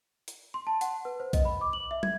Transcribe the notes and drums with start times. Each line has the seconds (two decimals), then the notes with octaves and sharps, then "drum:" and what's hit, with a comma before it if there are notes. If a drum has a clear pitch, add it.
0.28 drum: hi-hat
0.54 C6
0.67 A5
0.81 F#5, drum: hi-hat
1.05 B4
1.20 C5
1.33 D#5, drum: kick B1, hi-hat
1.45 B5
1.61 D6
1.73 F#7
1.91 E5
2.03 G#6, drum: tom